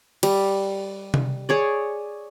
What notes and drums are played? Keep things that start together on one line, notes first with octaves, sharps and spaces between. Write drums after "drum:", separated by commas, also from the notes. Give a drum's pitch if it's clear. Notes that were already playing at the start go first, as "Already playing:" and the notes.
G3, drum: cymbal
drum: tom C3
G#4 C#5 D5